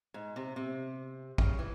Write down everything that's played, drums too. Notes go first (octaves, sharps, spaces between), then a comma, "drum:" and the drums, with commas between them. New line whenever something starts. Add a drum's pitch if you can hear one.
G#2
C3
C3
C#3, drum: kick G#1
E3